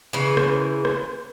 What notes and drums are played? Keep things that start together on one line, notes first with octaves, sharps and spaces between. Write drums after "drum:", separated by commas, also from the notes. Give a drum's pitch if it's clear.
C#3 E3
drum: rim click
drum: rim click